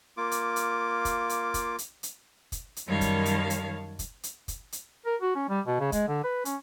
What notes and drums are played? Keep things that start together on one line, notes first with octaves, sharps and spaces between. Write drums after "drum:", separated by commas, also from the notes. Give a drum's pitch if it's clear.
A#3 F4 D6
drum: hi-hat
drum: hi-hat
drum: kick, hi-hat
drum: hi-hat
drum: kick, hi-hat
drum: hi-hat
drum: hi-hat
drum: kick, hi-hat
drum: hi-hat
F#2 D#3 G3 C#5 F5 A5
drum: kick, hi-hat
drum: hi-hat
drum: hi-hat
drum: kick, hi-hat
drum: hi-hat
drum: kick, hi-hat
drum: hi-hat
A#4
F#4
C#4
G3
B2
C#3
G#3, drum: kick, hi-hat
D3
B4
C#4, drum: hi-hat